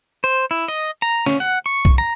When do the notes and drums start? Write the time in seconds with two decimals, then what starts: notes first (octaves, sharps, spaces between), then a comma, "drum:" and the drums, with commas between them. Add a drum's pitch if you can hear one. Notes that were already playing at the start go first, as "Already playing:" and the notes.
0.24 C5
0.51 E4
0.68 D#5
1.02 A#5
1.26 C#4, drum: snare
1.40 F#5
1.66 C#6
1.85 drum: kick
1.98 A#5